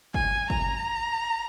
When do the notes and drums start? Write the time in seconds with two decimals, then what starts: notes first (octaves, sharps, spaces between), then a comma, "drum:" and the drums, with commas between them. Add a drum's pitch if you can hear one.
0.14 G#5, drum: kick
0.50 A#5, drum: kick